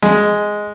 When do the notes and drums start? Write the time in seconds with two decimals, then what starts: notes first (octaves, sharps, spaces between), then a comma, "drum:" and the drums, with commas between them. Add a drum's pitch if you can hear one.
0.02 G#3, drum: snare